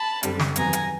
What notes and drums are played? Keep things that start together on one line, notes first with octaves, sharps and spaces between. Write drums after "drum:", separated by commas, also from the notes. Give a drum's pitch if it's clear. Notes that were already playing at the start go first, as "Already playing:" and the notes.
Already playing: A5 B5
F#2 D3 G3 C4, drum: hi-hat
drum: snare
E2 C3 D#3 F#3 B3 G#5 A#5, drum: hi-hat
drum: hi-hat